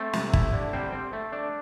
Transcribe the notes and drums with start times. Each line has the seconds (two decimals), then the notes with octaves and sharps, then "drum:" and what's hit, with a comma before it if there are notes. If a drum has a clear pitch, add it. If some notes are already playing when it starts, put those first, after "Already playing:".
Already playing: A3 C4 A4
0.13 C3, drum: snare
0.33 E4, drum: kick
0.53 D3
0.73 G3 C4 C5
0.93 C4
1.13 A3
1.32 D4